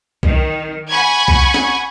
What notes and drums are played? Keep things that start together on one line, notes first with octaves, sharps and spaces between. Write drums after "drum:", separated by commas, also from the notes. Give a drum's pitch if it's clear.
D#3, drum: kick
F#5 G#5 B5 C#6 G#6
drum: kick
drum: snare